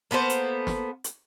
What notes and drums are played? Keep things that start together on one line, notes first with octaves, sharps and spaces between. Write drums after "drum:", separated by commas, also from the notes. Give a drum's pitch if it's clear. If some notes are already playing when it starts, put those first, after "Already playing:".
A#3 B3 A4 C5
drum: hi-hat
drum: snare
drum: hi-hat